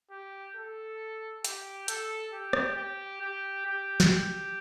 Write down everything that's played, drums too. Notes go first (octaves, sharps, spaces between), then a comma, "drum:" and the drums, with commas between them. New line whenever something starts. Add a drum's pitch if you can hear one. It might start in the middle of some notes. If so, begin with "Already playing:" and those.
G4
A4
G4, drum: hi-hat
A4, drum: hi-hat
G4
drum: rim click
G4
G4
G4
drum: snare
G4